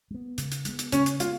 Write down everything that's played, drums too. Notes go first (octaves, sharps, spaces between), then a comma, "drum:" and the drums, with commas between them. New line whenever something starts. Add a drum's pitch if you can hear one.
G#3 B3
C#3, drum: hi-hat
drum: hi-hat
G#3 B3, drum: hi-hat
drum: hi-hat
C#3 C#4, drum: hi-hat
drum: hi-hat
G#3 B3 F4, drum: hi-hat